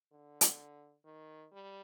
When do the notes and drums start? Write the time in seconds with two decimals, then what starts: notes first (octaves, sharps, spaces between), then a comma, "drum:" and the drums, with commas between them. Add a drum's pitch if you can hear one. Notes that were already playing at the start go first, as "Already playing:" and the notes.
0.13 D3
0.41 drum: hi-hat
1.05 D#3
1.52 G3